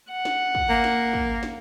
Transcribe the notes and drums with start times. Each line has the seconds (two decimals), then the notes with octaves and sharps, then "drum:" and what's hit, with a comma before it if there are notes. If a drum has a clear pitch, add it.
0.11 F#5
0.25 drum: snare
0.55 drum: kick
0.69 A#3
0.84 drum: snare
1.13 drum: kick
1.43 drum: snare